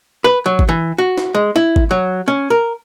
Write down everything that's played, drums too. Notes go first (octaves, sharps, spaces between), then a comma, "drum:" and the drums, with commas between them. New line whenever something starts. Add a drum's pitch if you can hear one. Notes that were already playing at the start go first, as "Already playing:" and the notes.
B4
F#3
drum: kick
E3
F#4
drum: snare
G#3
E4
drum: kick
F#3
C#4
A#4